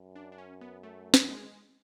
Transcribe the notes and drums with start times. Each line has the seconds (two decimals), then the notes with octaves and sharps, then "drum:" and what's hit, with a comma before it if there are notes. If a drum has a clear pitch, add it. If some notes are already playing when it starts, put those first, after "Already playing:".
Already playing: F#2
0.16 D4
0.32 D4
0.38 C#4
0.61 B3
0.83 A3
1.14 drum: snare
1.29 G#3